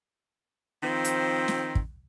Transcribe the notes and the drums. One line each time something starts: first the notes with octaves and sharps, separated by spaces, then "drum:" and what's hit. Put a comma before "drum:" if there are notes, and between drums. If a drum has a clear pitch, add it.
D#3 F3 C4
drum: hi-hat
drum: snare
drum: kick